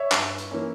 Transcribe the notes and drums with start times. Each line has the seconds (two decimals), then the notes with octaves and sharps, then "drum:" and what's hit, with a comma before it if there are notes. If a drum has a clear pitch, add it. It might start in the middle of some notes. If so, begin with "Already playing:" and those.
Already playing: C#5 E5
0.12 G2, drum: clap
0.38 drum: hi-hat
0.51 E3 A#3 C#4